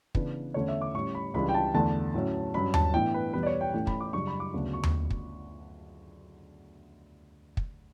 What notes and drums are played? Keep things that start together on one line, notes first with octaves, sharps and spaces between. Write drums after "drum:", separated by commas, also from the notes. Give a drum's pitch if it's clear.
C#3 E3 B3 D4 B4, drum: kick
E2 D3 A3 C#4 C#5
E5
D6
A2 G3 C#4 C#6
B5
C#2 C#3 E3 G3 D4 B5
G5
A5
E2 D3 A3 D4 A5
A2 F#3 C#4
G2 F#3 C#4 B5
A5, drum: tom D#2
A2 E3 B3 D4 G5
B4
E2 B2 G3 B3 B4
D5
C#5
G5
A2 E3 A3 C#4 G5
B5, drum: kick
D6
F#2 C#3 G3 D4 C#6
B5
D6
D2 C#3 F#3 B3 D4
C#6
drum: tom D#2
drum: kick
drum: kick